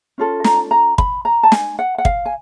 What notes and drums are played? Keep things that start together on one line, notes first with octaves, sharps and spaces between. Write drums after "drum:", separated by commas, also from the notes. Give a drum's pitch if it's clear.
C#4 F4 A4
A#5, drum: snare
A#5
B5, drum: kick
A#5
A5
G#5, drum: snare
F#5
F#5
F5, drum: kick
G#5